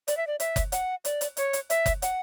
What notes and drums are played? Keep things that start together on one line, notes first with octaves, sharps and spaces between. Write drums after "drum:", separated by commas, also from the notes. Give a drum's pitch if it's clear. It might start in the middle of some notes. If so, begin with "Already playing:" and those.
D5, drum: hi-hat
E5
D5
E5, drum: hi-hat
drum: kick F#1, hi-hat
F#5, drum: hi-hat
D5, drum: hi-hat
drum: hi-hat
C#5, drum: hi-hat
drum: hi-hat
E5, drum: hi-hat
drum: kick F#1, hi-hat
F#5, drum: hi-hat